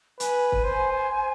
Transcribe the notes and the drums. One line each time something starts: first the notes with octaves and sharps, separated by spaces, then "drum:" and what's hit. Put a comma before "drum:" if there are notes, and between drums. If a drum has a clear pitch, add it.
B4 G#5, drum: hi-hat
drum: kick
C5